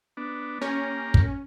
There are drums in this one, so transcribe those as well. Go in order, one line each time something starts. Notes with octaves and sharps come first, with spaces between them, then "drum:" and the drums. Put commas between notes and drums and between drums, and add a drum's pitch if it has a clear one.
B3 D4
A#3 C#4 G4 A#4
drum: kick